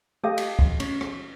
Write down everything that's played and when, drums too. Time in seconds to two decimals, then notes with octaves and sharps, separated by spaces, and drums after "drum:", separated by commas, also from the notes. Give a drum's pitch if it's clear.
0.24 A3 G4 D#5 F5
0.38 drum: cymbal
0.59 drum: kick
0.80 C#4, drum: cymbal
1.01 drum: rim click